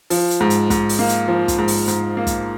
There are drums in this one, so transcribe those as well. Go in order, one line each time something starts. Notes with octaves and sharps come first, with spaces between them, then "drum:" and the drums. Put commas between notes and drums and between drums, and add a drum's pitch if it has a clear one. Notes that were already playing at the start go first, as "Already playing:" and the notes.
F3, drum: open hi-hat
drum: hi-hat
G#2
drum: hi-hat
G#2, drum: kick, hi-hat
drum: open hi-hat
A#3
drum: hi-hat
F3
drum: kick, hi-hat
G#2
drum: open hi-hat
G#2, drum: hi-hat
A#3
drum: kick, hi-hat